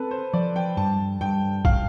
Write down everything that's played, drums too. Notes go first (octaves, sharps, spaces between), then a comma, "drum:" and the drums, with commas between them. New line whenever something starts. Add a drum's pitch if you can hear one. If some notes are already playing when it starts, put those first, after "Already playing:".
Already playing: C4 A4 B4
C5
F3 D5
G5
G2 A5
G2 G5
F5, drum: kick A#1